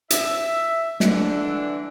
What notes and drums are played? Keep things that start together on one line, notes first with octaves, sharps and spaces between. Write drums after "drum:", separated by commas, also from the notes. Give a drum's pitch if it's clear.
E5, drum: hi-hat
D3 E3 D4, drum: snare